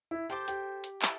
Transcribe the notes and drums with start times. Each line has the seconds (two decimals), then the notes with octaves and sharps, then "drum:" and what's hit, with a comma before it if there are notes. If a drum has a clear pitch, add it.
0.11 E4
0.29 G4 A4 C5 G5 D6
0.48 G4, drum: hi-hat
0.84 drum: hi-hat
1.02 E4 A4, drum: clap